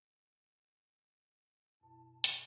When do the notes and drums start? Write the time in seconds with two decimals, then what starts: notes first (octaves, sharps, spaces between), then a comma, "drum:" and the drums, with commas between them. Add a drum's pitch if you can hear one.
1.81 F#2 B2 E4 A5
2.24 drum: hi-hat